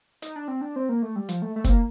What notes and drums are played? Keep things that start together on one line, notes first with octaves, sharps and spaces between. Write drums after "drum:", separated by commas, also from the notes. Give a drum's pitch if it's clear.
D#4, drum: hi-hat
D4
C4
D4
C4
A#3
A3
G3
F3, drum: hi-hat
A3
A3
C4, drum: kick, hi-hat
A#3